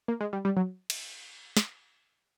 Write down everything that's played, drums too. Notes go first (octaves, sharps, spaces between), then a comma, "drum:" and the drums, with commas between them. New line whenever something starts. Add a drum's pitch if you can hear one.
A#3
G#3
G3
G3
F#3
drum: cymbal
drum: snare